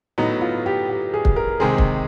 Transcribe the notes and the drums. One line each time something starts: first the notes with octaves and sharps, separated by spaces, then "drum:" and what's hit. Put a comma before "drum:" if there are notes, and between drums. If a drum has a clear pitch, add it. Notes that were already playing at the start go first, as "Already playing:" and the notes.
A2 F#3 B3 D#4
F4
G4
G4
G#4
drum: kick
A#4
C3 D#3 G#3 C4 G#4
drum: kick